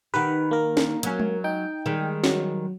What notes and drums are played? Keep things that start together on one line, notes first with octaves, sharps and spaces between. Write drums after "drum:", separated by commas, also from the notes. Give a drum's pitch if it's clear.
D#3 D#4 G4 B4 F#5
A#3 A#4
drum: snare
F#3 C#4, drum: hi-hat
drum: tom G#3
D#4 G5
D#3 G3 G#3
F#3, drum: snare